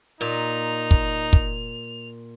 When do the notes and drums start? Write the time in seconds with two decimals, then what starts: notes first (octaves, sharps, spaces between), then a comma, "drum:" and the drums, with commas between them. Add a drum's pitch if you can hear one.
0.21 A#2 D#4 F7
0.91 drum: kick
1.33 drum: kick